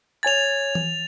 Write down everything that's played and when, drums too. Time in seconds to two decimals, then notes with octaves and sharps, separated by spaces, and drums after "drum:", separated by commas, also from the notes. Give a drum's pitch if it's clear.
0.23 C#5 G#5 G#6 A6 F7
0.75 drum: tom E3